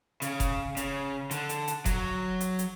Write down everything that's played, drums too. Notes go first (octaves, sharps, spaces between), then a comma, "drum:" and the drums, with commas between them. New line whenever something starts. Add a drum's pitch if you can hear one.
C#3, drum: hi-hat
drum: kick F1, hi-hat
C#3, drum: hi-hat
D3, drum: hi-hat
drum: hi-hat
drum: hi-hat
F#3, drum: kick F1, hi-hat
drum: hi-hat
drum: hi-hat